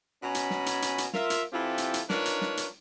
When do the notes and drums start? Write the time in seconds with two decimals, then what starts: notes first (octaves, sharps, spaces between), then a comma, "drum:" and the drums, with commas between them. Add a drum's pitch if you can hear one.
0.23 B2 C#4 G#5 A#5 B5
0.35 drum: hi-hat
0.50 drum: snare
0.66 drum: hi-hat
0.82 drum: hi-hat
0.98 drum: hi-hat
1.13 F4 A#4 E5, drum: snare
1.30 drum: hi-hat
1.53 E3 C4 E4 F4 G4 A4
1.78 drum: hi-hat
1.94 drum: hi-hat
2.10 D4 D#4 F4 A#4 B4 C#5, drum: snare
2.26 drum: hi-hat
2.41 drum: snare
2.57 drum: hi-hat